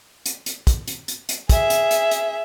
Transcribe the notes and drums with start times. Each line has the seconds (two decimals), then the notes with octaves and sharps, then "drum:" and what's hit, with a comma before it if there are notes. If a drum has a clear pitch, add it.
0.26 drum: hi-hat
0.46 drum: hi-hat
0.67 drum: kick, hi-hat
0.88 drum: hi-hat
1.08 drum: hi-hat
1.29 drum: hi-hat
1.49 G#4 E5, drum: kick, hi-hat
1.70 drum: hi-hat
1.91 drum: hi-hat
2.11 drum: hi-hat